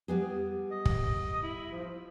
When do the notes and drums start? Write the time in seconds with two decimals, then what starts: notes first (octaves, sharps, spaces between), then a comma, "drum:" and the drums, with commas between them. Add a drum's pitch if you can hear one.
0.08 G3 B3 G#4
0.71 D#5
0.85 drum: kick
1.43 E4
1.72 F3